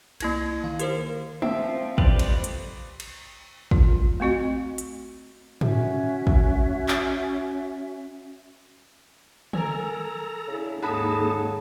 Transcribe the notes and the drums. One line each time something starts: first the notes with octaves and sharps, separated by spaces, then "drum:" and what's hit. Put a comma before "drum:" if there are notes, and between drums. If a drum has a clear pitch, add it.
C2 A#3 E4 G#6, drum: cymbal
D#3 F5
G4 A#4 C5, drum: hi-hat
F3 C4 E5, drum: tom
F2 G4 B4 C5 D5, drum: kick
drum: cymbal
drum: hi-hat
drum: cymbal
F4, drum: kick
A3 C4 F#4 D#5
drum: hi-hat
C#4 F#4 E5, drum: tom
drum: kick
drum: clap
A4 A#4 G#5 A#5, drum: tom
C#3 D4 E4
D#2 G#2 D#4 F#4 G#4 A4 A5 B5